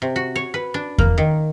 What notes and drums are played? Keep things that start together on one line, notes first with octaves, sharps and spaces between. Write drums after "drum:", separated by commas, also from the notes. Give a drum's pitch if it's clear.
C3
F#4
C#5
B4
D4
A#3, drum: kick E2
D#3